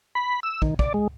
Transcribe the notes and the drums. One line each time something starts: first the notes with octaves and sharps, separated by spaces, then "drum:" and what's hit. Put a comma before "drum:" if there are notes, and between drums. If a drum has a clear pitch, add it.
B5
E6
D#3, drum: kick
D5, drum: kick
G#3